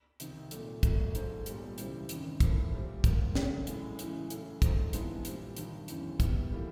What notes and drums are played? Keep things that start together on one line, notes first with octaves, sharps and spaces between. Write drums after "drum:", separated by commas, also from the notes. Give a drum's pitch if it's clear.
C2 C3 D#3, drum: hi-hat
A#2 F#3 A3, drum: hi-hat
A#1 A#2 F#3 A3, drum: kick, hi-hat
G#2 F3 A3 C4, drum: hi-hat
B1 A#2 G3, drum: hi-hat
C#2 C3 E3 G3 C4, drum: hi-hat
G#1 F#2 D#3, drum: hi-hat
A2 F3 A#3, drum: kick, hi-hat
A#2 G3 C4
G#2 D#3 F#3 A#3, drum: kick, hi-hat
C#2 C#3 F#3 A3, drum: snare
A1 A2 E3 G#3, drum: hi-hat
C#3 E3 G#3 C#4, drum: hi-hat
A2 F#3 A3 C#4, drum: hi-hat
G#2 F3 A3 C4 D#4, drum: kick, hi-hat
G2 E3 G#3 B3, drum: hi-hat
A#2 G3 C4, drum: hi-hat
G2 D#3 F#3, drum: hi-hat
E1 D#2 C#3 E3, drum: hi-hat
C3 D#3 G3 B3, drum: kick, hi-hat
A2 E3 G3 A#3